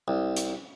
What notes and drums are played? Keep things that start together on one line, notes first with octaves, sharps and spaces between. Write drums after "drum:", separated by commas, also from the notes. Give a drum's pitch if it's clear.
C2
drum: hi-hat